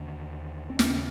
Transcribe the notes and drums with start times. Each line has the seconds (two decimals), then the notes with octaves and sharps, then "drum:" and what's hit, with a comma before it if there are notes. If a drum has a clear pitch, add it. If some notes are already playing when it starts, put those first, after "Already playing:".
Already playing: D#2 D3 D4
0.70 C4
0.79 D#2 C#3 C#4, drum: snare